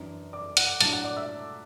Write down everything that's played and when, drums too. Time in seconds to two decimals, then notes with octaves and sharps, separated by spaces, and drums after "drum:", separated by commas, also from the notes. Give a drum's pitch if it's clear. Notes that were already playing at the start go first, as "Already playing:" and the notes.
Already playing: F#2 E3 D4
0.33 D5 D6
0.57 F#5 F#6, drum: hi-hat
0.81 A2 F#3 D4 A5 A6, drum: hi-hat
0.93 F#5 F#6
1.05 D5 D6
1.16 E5 E6